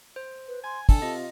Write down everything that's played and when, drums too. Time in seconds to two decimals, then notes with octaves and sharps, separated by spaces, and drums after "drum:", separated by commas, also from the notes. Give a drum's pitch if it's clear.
0.16 C5
0.48 B4
0.64 G#5 C6
0.89 D3 A4 G#5, drum: kick, open hi-hat
1.02 C3 F4 D#5